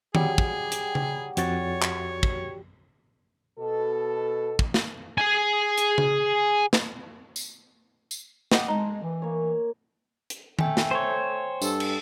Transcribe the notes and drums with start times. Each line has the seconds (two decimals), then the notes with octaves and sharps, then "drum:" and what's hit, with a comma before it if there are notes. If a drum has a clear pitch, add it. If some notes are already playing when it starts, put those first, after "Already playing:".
0.15 F#3 G3 G#4, drum: tom D#3
0.38 drum: kick
0.72 drum: hi-hat
0.95 drum: tom C#3
1.37 F2 F#4 C#5 A6, drum: hi-hat
1.82 drum: clap
2.23 drum: kick
3.59 B2 A4
4.59 drum: kick
4.74 drum: snare
5.18 G#4 G#5
5.78 drum: hi-hat
5.98 drum: tom C#3
6.73 drum: snare
7.36 drum: tambourine
8.11 drum: tambourine
8.52 G4 D#5 F#5, drum: snare
8.68 G#3 D#4 A5
9.02 E3 D6
9.22 A#3 C#5
10.30 drum: hi-hat
10.59 A3 G5 G#5, drum: tom D#3
10.77 drum: snare
10.91 C5 C#5
11.62 G2 A4, drum: tambourine
11.80 drum: cymbal